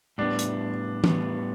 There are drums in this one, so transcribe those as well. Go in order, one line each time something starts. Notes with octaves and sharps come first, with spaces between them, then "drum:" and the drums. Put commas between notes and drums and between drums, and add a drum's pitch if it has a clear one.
A2 G3 B3 D4
drum: hi-hat
A2 G3 B3, drum: tom E3